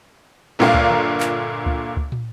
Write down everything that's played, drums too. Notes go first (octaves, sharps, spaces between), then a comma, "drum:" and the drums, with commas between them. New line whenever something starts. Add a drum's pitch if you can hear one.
G1 A#2 D3 A#3 F4 F5
drum: kick C#2
drum: tom D3
drum: clap
drum: kick C#2
drum: kick C#2
drum: tom